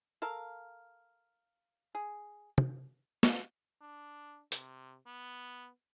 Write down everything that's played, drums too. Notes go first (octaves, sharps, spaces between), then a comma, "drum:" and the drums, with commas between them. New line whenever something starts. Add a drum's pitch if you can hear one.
A4 A#4 F5
G#4
drum: tom
drum: snare
D4
C3, drum: hi-hat
B3